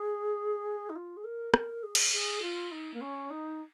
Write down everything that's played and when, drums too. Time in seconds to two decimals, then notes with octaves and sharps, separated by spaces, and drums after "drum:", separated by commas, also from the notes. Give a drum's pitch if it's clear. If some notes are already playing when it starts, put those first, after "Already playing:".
Already playing: G#4
0.89 D#4
0.95 F4
1.16 G#4
1.24 A#4
1.54 A#4, drum: rim click
1.83 G#4
1.95 drum: cymbal
2.12 G#4
2.42 F4
2.71 D#4
2.94 A#3
3.01 C#4
3.30 D#4